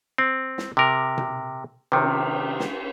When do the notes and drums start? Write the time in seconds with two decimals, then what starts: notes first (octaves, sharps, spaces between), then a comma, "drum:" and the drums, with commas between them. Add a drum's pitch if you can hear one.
0.18 C4
0.58 drum: snare
0.77 C3 A#4
1.18 drum: tom B2
1.92 C3 D#3, drum: cymbal
2.60 drum: snare